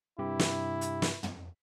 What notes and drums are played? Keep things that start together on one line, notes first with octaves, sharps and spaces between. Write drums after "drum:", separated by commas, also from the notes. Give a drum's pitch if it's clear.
G2 C3 E4 G4
drum: snare
drum: hi-hat
drum: snare
drum: tom